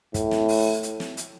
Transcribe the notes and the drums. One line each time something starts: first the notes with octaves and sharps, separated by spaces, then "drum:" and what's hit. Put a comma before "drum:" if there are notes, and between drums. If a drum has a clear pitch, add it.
A2, drum: kick, hi-hat
drum: snare
drum: open hi-hat
drum: hi-hat
drum: snare
drum: hi-hat